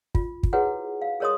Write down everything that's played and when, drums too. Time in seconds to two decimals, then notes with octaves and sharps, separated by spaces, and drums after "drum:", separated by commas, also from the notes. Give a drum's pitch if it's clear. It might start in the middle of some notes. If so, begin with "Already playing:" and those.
0.15 F4, drum: kick
0.43 drum: kick
0.53 E4 F#4 G#4 B4 C#5 F#5
1.02 F5
1.20 G#4 A#4 C#5 D#5 C6 D#6